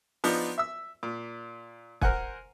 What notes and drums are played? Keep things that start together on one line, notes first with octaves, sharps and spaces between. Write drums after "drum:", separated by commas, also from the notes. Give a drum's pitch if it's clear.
F3 B3 D4 D#4 F4, drum: open hi-hat
E5 E6
A#2
A#4 C5 F#5 G#5, drum: kick